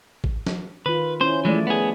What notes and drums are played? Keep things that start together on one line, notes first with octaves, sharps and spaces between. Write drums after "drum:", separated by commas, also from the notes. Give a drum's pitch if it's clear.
drum: kick G#1
drum: snare
D#3 F4 B4
C#4 E4 C5
E3 F3 G#3 A3 D5
B3 G#4